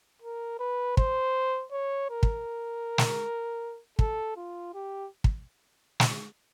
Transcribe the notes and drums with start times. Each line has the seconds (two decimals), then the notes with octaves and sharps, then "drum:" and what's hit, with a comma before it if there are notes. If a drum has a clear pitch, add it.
0.22 A#4
0.59 B4
0.97 C5, drum: kick
1.72 C#5
2.10 A#4
2.23 drum: kick
2.98 drum: snare
3.99 A4, drum: kick
4.36 F4
4.74 G4
5.24 drum: kick
6.00 drum: snare